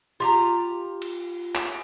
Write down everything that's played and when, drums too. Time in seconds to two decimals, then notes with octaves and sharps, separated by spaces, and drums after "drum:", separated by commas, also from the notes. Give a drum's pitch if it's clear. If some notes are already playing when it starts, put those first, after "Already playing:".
0.20 F4 G4 A#5
1.02 drum: cymbal
1.55 drum: clap